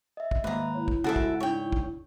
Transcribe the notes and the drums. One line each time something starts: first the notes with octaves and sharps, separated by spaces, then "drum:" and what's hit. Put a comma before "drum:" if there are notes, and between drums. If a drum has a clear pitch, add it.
D#5 E5
drum: kick
D#2 G#2 B4 A#5
E4 C#5
drum: kick
G#2 C#3 F#4 A4 E5 F#6 A6 D7
drum: kick
D4 D#4 C#5 G5
drum: kick